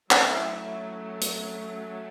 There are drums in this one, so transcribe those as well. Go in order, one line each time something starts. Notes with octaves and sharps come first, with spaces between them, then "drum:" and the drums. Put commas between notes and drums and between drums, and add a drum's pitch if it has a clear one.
F#3 A3 C#4 E4 E5, drum: clap
drum: hi-hat